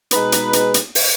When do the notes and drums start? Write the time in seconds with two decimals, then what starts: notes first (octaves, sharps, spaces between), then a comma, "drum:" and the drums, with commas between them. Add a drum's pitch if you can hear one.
0.11 B2 G#3 D#4 G#4 B4, drum: hi-hat
0.32 drum: hi-hat
0.53 drum: hi-hat
0.74 drum: hi-hat
0.95 drum: open hi-hat